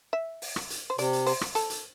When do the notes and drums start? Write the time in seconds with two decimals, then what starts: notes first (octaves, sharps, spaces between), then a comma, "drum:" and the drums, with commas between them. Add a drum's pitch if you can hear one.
0.13 E5
0.42 drum: open hi-hat
0.56 drum: rim click
0.70 drum: hi-hat
0.90 C5
0.98 C3 D5, drum: hi-hat
1.13 drum: hi-hat
1.27 C5, drum: open hi-hat
1.41 drum: rim click
1.55 A4, drum: hi-hat
1.70 drum: hi-hat